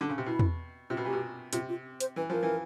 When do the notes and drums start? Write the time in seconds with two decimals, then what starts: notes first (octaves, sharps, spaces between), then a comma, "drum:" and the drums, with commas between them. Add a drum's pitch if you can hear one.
0.01 D3
0.09 C#3
0.18 C3
0.26 B2 E4
0.39 drum: tom E2
0.90 C3 F4
0.97 B2
1.05 A#2 G4
1.12 B2
1.53 C3 F4, drum: hi-hat
1.69 F4
2.00 C5, drum: hi-hat
2.16 E3 B4
2.30 F3 A#4
2.43 E3